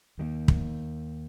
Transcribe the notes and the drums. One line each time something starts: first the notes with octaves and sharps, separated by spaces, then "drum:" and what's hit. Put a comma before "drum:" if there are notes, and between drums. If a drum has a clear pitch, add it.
D#2 D#3 G3 A#3
drum: kick